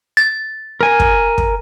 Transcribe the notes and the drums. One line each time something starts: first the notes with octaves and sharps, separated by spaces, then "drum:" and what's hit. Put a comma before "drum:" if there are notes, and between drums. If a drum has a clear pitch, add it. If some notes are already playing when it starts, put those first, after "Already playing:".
A6
A#4 G#5
drum: kick
drum: kick